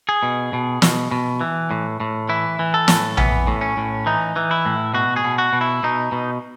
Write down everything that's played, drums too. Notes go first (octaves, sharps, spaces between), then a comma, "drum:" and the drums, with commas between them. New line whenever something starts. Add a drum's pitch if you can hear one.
G#4
B2
B2
B2, drum: snare
B2
E3
A2
A2
E3 E4
E3
A4
A2, drum: snare
E3 B3, drum: tom A#1
A2
C#4
A2
E3 D#4
E3
E4
A2
B2 F#4
G#4
B2
F#4
B2
E4
B2 D#4
B2